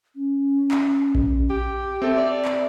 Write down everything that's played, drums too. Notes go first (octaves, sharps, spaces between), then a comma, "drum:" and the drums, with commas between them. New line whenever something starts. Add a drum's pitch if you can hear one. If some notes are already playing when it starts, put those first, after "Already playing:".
C#4
drum: clap
drum: kick A#1
G4
C4 A4 E5
D5
drum: clap